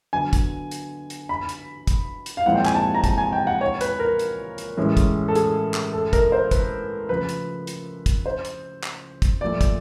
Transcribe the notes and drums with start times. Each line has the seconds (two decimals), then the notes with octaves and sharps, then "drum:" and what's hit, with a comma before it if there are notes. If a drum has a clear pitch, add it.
0.13 D3 F#3 B3 G#5
0.33 drum: kick, hi-hat
0.71 drum: hi-hat
1.10 drum: hi-hat
1.29 B5
1.49 drum: hi-hat
1.87 drum: kick, hi-hat
2.26 drum: hi-hat
2.37 F5
2.46 A#2 F3 G#3 C4 E4 F#5
2.56 G5
2.66 G#5, drum: clap
2.75 A5
2.95 A#5
3.04 A5, drum: kick, hi-hat
3.18 G#5
3.33 G5
3.47 F#5
3.61 C#5
3.81 B4, drum: hi-hat
3.99 A#4
4.19 drum: hi-hat
4.58 drum: hi-hat
4.77 A2 E3 G#3 C#4
4.97 drum: kick, hi-hat
5.28 A4
5.35 G#4, drum: hi-hat
5.74 drum: clap
5.93 A4
6.13 A#4, drum: kick, hi-hat
6.32 C5
6.51 B4, drum: kick, hi-hat
7.09 C#3 F3 A3 B4
7.29 drum: hi-hat
7.67 drum: hi-hat
8.06 drum: kick, hi-hat
8.26 C5
8.45 drum: hi-hat
8.83 drum: clap
9.22 drum: kick, hi-hat
9.41 A#2 F3 A3 D5
9.61 drum: kick, hi-hat